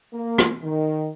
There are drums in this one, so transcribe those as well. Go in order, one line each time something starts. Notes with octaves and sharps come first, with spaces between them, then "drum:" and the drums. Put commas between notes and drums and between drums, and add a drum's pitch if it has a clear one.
A#3
drum: rim click
D#3